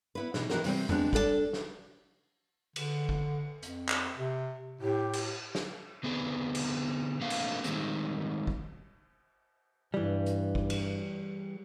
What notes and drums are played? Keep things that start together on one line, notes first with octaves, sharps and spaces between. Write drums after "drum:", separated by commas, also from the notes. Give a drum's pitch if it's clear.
B3 E4 B4
B2 E3 D#4, drum: snare
E3 F#3 D#4 F#4 G4 A#4, drum: snare
C3 E3 G3 C4, drum: open hi-hat
G#3 A3 B3 C4 D4 F#4, drum: tom E2
G3 D4 A4 D5 A5, drum: kick
drum: snare
D3, drum: cymbal
drum: kick
F2, drum: hi-hat
drum: clap
C3
A2 G4
drum: cymbal
drum: snare
D3 B3 C4 G#4
drum: cymbal
A3 A#3 C4 D4 F5
drum: cymbal
D#3 G3 G#3 C4, drum: hi-hat
drum: kick
G2 E3 G3
drum: hi-hat
drum: kick
drum: cymbal